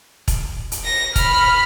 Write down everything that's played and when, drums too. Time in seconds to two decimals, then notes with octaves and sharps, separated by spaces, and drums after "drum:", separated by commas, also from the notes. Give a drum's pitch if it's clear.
0.28 drum: kick, hi-hat
0.72 drum: hi-hat
0.85 A#6
1.16 B5 F6, drum: kick, hi-hat